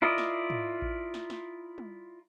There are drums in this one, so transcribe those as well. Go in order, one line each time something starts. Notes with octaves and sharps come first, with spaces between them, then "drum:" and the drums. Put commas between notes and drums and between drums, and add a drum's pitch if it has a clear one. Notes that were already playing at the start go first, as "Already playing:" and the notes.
E4 F4 A#4 D5 D#5
drum: snare
drum: tom
drum: kick A1
drum: snare
drum: snare
drum: tom G3